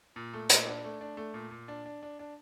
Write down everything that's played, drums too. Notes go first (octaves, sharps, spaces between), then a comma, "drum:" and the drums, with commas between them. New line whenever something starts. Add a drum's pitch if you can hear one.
A#2
A3
A#2, drum: hi-hat
D4
A3
D4
A3
A#2
A#2
D4
D4
D4
D4